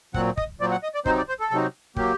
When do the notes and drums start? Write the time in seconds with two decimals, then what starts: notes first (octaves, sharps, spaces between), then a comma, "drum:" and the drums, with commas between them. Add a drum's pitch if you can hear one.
0.14 A#2 F#3 C4 F#5, drum: kick
0.37 D#5, drum: kick
0.60 A#2 F#3 C4 D5
0.71 F#5
0.83 D#5
0.94 D5
1.06 C3 F#3 C4 D#4 C5, drum: kick
1.17 D5
1.29 C5
1.40 A4
1.51 C3 F#3 C4 D#4
1.96 F#3 A#3 G4, drum: kick